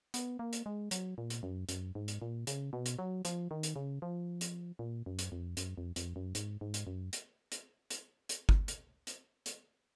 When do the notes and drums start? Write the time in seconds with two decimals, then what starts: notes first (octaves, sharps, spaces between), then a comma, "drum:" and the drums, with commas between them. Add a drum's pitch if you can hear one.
0.14 B3, drum: hi-hat
0.39 A#3
0.53 drum: hi-hat
0.66 G#3
0.91 F#3, drum: hi-hat
1.18 A#2
1.30 drum: hi-hat
1.43 F#2
1.69 F#2, drum: hi-hat
1.95 G#2
2.08 drum: hi-hat
2.22 A#2
2.47 C#3, drum: hi-hat
2.73 B2
2.86 drum: hi-hat
2.99 F#3
3.25 F3, drum: hi-hat
3.51 D#3
3.63 drum: hi-hat
3.76 C#3
4.02 F3
4.41 drum: hi-hat
4.79 A#2
5.06 F#2
5.19 drum: hi-hat
5.32 F2
5.57 F#2, drum: hi-hat
5.78 F2
5.96 F2, drum: hi-hat
6.16 F#2
6.35 G#2, drum: hi-hat
6.61 G#2
6.74 drum: hi-hat
6.87 F#2
7.13 drum: hi-hat
7.52 drum: hi-hat
7.90 drum: hi-hat
8.29 drum: hi-hat
8.49 drum: kick G1
8.68 drum: hi-hat
9.07 drum: hi-hat
9.46 drum: hi-hat